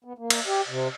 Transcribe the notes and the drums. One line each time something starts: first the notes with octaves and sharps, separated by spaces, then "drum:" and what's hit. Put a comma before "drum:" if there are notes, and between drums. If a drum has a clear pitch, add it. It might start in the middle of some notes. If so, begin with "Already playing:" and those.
B3
A#3
drum: cymbal
G4
C3